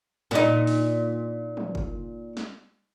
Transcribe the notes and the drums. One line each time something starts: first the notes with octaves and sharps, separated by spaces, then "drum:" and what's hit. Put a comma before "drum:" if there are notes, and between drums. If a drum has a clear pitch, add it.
A#2 D#4, drum: snare
drum: open hi-hat
drum: tom
drum: kick F#1
drum: snare